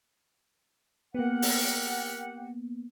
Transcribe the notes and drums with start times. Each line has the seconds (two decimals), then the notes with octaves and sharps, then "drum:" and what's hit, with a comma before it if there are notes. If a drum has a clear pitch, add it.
1.15 A#3 B3 G4 A#4 F#5
1.42 drum: open hi-hat